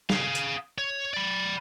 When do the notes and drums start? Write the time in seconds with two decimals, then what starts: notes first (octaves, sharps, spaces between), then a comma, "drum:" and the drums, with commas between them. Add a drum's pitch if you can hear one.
0.10 G#4 F5, drum: snare
0.35 drum: hi-hat
0.78 C#5
1.14 D5 B5